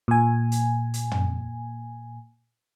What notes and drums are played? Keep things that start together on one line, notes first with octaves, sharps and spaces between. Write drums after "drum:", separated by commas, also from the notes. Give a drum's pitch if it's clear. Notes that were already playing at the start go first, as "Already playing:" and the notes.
A#2 G#5
drum: hi-hat
drum: hi-hat
drum: tom